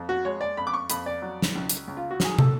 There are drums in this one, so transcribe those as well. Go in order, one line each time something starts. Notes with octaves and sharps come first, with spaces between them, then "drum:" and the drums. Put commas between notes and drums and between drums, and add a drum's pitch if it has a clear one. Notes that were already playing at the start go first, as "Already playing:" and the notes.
Already playing: F2
F#4
G#3 C#5
D5
F2 B5
D6
C#6
F2 B5, drum: hi-hat
D5
F#3
drum: snare
C#2
drum: hi-hat
C#2
F4
F#4
F#3 G#4, drum: snare
A4, drum: tom